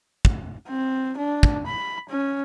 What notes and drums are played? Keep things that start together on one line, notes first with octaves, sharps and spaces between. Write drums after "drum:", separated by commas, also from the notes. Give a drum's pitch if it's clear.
drum: kick
C4
D4
drum: kick
B5
C#4